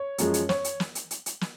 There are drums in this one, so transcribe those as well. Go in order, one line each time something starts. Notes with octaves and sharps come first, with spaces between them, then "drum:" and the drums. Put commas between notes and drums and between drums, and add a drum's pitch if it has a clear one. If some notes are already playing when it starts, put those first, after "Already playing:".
Already playing: C#5
F#2 F3 G#3, drum: hi-hat
drum: hi-hat
C#5, drum: snare
drum: hi-hat
drum: snare
drum: hi-hat
drum: hi-hat
drum: hi-hat
drum: snare